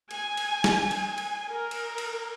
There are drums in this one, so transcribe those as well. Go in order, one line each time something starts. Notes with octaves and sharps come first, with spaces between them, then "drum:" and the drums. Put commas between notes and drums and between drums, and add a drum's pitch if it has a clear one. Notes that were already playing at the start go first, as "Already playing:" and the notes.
G#5, drum: cymbal
drum: cymbal
drum: snare
drum: cymbal
G#5
drum: cymbal
A#4
drum: cymbal
drum: cymbal